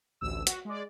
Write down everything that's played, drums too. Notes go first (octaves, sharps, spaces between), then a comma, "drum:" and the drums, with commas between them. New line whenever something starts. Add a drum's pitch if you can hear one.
A1 D2 E6
F#4, drum: hi-hat
G#3 D5